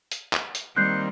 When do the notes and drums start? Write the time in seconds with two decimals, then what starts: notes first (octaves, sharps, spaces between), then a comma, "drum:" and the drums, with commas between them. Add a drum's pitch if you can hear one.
0.11 drum: hi-hat
0.33 drum: clap
0.55 drum: hi-hat
0.76 D#3 G3 A#3 C4 F#6 G6 C7